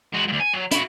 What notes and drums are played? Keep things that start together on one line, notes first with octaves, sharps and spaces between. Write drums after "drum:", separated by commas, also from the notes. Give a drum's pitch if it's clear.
G#3 F#4
D2 G2
G#5
F#3
E4 F#4, drum: hi-hat